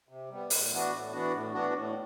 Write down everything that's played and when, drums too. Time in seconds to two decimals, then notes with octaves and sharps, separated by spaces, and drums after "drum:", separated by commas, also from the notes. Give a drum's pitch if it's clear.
0.09 C3
0.30 G3 B3
0.50 A2, drum: open hi-hat
0.71 E3 B3 D4 F#4
0.92 A2
1.12 E3 B3 D4 F#4
1.32 A2
1.53 E3 B3 D4 F#4
1.74 A2